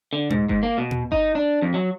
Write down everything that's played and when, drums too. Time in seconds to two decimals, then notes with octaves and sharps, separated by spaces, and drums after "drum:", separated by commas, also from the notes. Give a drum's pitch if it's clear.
0.13 D3
0.30 G#2, drum: tom A#2
0.49 G#2, drum: kick G1
0.63 A#3
0.78 B2
0.91 drum: tom A#2
1.12 D#4, drum: kick G1
1.35 D4
1.62 F2
1.74 F#3